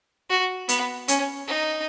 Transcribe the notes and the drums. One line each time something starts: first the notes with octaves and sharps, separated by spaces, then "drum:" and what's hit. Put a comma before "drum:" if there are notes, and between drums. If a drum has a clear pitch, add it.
F#4
B3, drum: hi-hat
C#4, drum: hi-hat
D#4